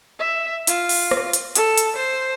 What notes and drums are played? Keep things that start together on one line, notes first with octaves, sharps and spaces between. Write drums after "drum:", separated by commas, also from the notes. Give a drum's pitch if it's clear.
E5
F4, drum: hi-hat
drum: open hi-hat
drum: rim click
drum: hi-hat
A4, drum: hi-hat
drum: hi-hat
C5